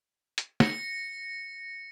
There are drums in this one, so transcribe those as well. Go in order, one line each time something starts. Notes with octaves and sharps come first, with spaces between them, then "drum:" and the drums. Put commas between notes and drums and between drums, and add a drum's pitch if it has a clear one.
drum: hi-hat
A#6 C#7, drum: snare